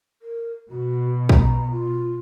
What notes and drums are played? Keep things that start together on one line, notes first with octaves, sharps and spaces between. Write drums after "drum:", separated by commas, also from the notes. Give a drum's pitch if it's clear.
A#4
B2 F#4
A#5, drum: kick B1
F4